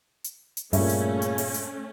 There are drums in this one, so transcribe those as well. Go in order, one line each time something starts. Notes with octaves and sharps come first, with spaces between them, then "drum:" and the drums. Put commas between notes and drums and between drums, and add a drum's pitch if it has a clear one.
drum: hi-hat
drum: hi-hat
G2 A#2 C#3 A3 C#4 E5, drum: open hi-hat
drum: hi-hat
drum: hi-hat
drum: open hi-hat
drum: hi-hat